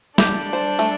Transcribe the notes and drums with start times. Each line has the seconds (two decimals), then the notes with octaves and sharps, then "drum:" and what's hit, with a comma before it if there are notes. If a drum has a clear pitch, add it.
0.18 G3 D4 G4 A4 D5, drum: snare
0.53 C5
0.79 A3